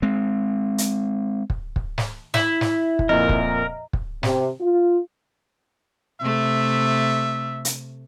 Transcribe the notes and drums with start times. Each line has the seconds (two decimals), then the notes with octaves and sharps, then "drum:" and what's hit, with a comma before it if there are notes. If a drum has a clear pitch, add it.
0.02 G#3 C4
0.78 drum: hi-hat
1.50 drum: kick
1.76 drum: kick
1.98 drum: snare
2.34 E4, drum: snare
2.61 drum: snare
2.99 drum: kick
3.09 F2 A#2 A#4 D#5 A#5
3.29 drum: kick
3.93 drum: kick
4.23 C3, drum: snare
4.61 F4
6.21 C3 A3 E5
7.65 drum: hi-hat